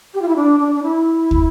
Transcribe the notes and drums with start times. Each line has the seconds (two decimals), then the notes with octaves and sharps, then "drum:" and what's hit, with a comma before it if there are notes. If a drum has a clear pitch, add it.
0.14 G4
0.22 F4
0.28 E4
0.36 D4
0.60 D4
0.75 D4
0.83 E4
1.31 drum: kick